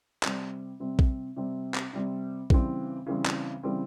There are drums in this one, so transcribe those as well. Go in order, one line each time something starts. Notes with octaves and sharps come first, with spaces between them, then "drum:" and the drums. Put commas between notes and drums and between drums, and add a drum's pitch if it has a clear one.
C3 G3 C4, drum: clap
C3 G3 C4
drum: kick A#1
C3 G3 C4
drum: clap
C3 G3 C4
C#3 E3 G3 C4, drum: kick A#1
C#3 E3 G3 C4
drum: clap
C#3 E3 G3 C4